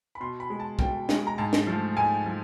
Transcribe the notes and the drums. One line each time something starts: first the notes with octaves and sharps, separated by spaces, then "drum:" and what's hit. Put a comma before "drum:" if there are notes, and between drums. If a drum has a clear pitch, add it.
B5
B2 C6
B5
G#3
A5
B2 G5, drum: kick
G#3, drum: snare
A#5
G#2 A5
drum: snare
F3 A3
G#2 G#5
F3